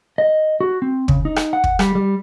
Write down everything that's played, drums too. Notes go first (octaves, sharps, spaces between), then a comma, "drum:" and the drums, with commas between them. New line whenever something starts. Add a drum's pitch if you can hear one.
D#5
F#4
C4
C#3, drum: kick
D#4
drum: rim click
F#5
drum: kick
G3, drum: rim click
G3